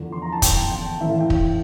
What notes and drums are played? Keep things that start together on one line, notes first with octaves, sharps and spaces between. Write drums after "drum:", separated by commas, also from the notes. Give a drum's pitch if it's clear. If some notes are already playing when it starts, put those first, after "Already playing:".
Already playing: E2 D3 F3
C6
A#5
A5
G5, drum: kick, hi-hat
G5
A2 E3 E5
F5
G5
drum: kick